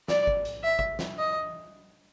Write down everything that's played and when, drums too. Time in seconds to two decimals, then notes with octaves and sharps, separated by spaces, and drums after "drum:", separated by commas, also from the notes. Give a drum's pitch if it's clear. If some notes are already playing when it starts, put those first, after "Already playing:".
0.08 D5, drum: snare
0.27 drum: kick G1
0.45 drum: hi-hat
0.64 E5
0.79 drum: kick G1
0.99 drum: snare
1.18 D#5